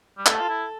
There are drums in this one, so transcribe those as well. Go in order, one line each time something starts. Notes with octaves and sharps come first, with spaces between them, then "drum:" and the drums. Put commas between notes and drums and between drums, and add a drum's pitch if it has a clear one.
G3
A3 A4, drum: clap
F4
E4